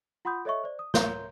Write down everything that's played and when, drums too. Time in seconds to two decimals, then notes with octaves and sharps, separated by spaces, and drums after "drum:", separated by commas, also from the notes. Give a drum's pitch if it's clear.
0.25 F4 F#5 B5 C6 D#6 G6
0.45 A4 C#5 D#5 E5 C#6
0.64 C5 D5
0.79 D#6
0.94 A#4 C#5 A#5 C6 G6 G7, drum: snare